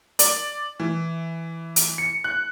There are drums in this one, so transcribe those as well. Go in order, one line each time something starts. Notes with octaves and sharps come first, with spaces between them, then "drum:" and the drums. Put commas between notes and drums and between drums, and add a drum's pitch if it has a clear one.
D5, drum: hi-hat
E3
drum: hi-hat
C#7
F#6